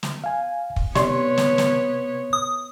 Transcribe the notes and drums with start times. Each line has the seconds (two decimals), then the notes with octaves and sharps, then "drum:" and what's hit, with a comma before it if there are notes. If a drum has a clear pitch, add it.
0.03 drum: snare
0.24 F5 G#5
0.76 drum: kick
0.95 C3 B3 D#4 G4 C#5 D5 C6, drum: snare
1.38 drum: snare
1.58 drum: snare
2.33 D#6